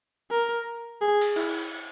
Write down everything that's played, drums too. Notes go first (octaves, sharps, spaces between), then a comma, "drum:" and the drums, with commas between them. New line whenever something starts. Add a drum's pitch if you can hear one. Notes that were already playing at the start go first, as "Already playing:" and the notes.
A#4
G#4
drum: cymbal
E4, drum: cymbal